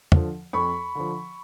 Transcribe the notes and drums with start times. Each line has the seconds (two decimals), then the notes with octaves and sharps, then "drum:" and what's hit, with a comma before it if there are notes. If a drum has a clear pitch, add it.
0.12 D3 F3, drum: tom
0.53 F2 B5 C#6
0.95 D3 F3